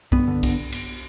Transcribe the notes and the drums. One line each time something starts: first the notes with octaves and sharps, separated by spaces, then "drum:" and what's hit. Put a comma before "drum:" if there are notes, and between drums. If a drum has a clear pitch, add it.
G2 B3, drum: kick B1
D3
G1, drum: kick B1, cymbal
drum: cymbal